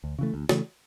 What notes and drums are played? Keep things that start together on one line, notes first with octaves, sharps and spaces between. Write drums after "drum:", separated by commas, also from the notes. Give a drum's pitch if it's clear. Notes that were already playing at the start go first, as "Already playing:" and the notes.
D2
C#3 E3 A3
D2
C#3 E3 A3, drum: snare